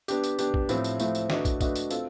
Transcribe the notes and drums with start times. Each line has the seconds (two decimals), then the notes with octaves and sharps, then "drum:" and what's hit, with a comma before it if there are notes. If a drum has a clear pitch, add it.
0.08 B3 D4 G4, drum: tambourine
0.24 drum: tambourine
0.39 B3 D4 G4, drum: tambourine
0.54 drum: kick
0.69 A2 F3 A3 C4, drum: tambourine
0.84 drum: tambourine
1.00 A2 F3 A3 C4, drum: tambourine
1.15 drum: tambourine
1.30 A3 D4 F#4 B4 D#5, drum: snare
1.45 drum: kick, tambourine
1.61 A3 D4 F#4 B4 D#5, drum: kick, tambourine
1.75 drum: tambourine
1.91 C4 F4 A4, drum: tambourine